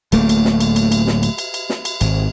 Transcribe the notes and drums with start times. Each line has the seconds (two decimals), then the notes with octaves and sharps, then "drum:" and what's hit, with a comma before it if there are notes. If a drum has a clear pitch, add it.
0.12 D1 A3 A#3, drum: cymbal
0.29 drum: cymbal
0.45 drum: snare
0.61 drum: cymbal
0.76 drum: cymbal
0.92 drum: cymbal
1.07 drum: snare
1.23 drum: cymbal
1.38 drum: cymbal
1.54 drum: cymbal
1.70 drum: snare
1.85 drum: cymbal
2.01 G#1, drum: cymbal